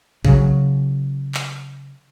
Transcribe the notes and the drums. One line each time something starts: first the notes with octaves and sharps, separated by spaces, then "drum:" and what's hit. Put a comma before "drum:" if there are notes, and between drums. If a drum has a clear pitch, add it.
C#3 F#3, drum: kick
drum: clap